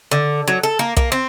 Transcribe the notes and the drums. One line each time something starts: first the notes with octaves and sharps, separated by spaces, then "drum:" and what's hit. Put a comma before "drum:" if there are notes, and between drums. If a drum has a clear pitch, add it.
D3
F#3
A4
A#3
A#3, drum: kick
C4